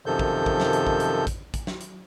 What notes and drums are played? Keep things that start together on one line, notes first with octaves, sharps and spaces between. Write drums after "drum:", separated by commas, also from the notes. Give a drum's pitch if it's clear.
F#2 C3 D#3 F3 A4 G6
drum: kick
drum: kick
drum: snare
drum: hi-hat
drum: kick
drum: hi-hat
drum: kick, hi-hat
drum: kick, hi-hat
drum: snare
drum: hi-hat